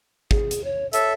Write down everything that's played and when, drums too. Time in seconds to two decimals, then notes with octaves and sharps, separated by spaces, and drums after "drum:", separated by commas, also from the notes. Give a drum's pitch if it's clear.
0.31 G#4, drum: kick
0.51 drum: hi-hat
0.64 C#5
0.93 A4 C#5 E5, drum: hi-hat